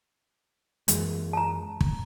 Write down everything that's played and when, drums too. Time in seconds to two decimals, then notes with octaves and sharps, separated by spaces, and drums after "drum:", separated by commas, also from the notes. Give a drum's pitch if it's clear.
0.88 F#2 E3 G#3, drum: hi-hat
1.33 A5 A#5
1.81 drum: kick